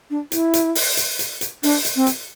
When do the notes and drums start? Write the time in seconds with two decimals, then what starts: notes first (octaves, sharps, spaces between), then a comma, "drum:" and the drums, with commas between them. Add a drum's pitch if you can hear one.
0.10 D4
0.32 E4, drum: hi-hat
0.53 drum: hi-hat
0.75 drum: open hi-hat
0.97 drum: hi-hat
1.19 drum: hi-hat
1.41 drum: hi-hat
1.63 D4, drum: open hi-hat
1.85 drum: hi-hat
1.96 C4
2.07 drum: hi-hat